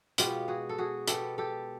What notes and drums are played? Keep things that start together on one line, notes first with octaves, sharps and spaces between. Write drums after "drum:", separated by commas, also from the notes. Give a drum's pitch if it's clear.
B2 G#3 B3 F4 G4, drum: hi-hat
F#4 G#4
A4
F#4 G#4
B2 G#3 B3 G4 A4, drum: hi-hat
G4 A4